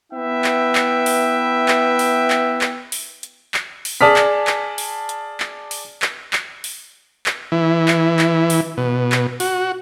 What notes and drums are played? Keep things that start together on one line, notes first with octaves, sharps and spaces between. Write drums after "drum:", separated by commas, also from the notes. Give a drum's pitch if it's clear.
B3 E4 B4 E5 G5
drum: clap
drum: clap
drum: open hi-hat
drum: clap
drum: open hi-hat
drum: clap
drum: clap
drum: open hi-hat
drum: hi-hat
drum: clap
drum: open hi-hat
G#4 D5 A5 D#6 F6 B6
drum: clap
drum: clap
drum: open hi-hat
drum: hi-hat
drum: clap
drum: open hi-hat
drum: clap
drum: clap
drum: open hi-hat
drum: clap
E3
drum: clap
drum: clap
drum: open hi-hat
B2
drum: clap
F#4, drum: open hi-hat